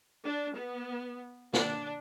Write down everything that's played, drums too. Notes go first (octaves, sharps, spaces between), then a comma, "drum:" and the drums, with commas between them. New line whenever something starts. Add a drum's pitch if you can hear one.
D4
B3
D4, drum: snare